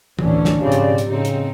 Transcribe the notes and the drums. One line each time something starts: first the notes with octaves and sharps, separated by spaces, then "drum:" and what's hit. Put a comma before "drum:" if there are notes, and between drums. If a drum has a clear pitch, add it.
A1 D2 E3 C#4 D4, drum: tom
drum: snare
G#2 C#3 F3 C4 G4 D5
drum: hi-hat
drum: hi-hat
A2 C#3 C4 D#4
drum: hi-hat